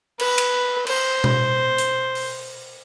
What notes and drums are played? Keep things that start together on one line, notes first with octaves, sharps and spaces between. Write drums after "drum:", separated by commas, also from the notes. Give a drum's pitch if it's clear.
B4, drum: cymbal
drum: cymbal
C5, drum: cymbal
drum: tom B2
drum: hi-hat
drum: open hi-hat